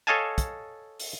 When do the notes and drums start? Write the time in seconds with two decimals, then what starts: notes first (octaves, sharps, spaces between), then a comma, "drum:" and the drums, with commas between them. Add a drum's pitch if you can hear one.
0.07 A4 C#5 D#5 F5 G#5 A5
0.38 drum: kick, hi-hat
1.00 drum: open hi-hat